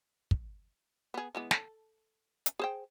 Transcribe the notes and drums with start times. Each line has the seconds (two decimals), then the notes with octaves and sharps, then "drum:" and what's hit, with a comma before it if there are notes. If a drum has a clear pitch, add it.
0.31 drum: kick
1.14 B3 G#4
1.35 E3 G#3 B3
1.51 A4, drum: snare
2.46 drum: hi-hat
2.59 G#4 C5 G5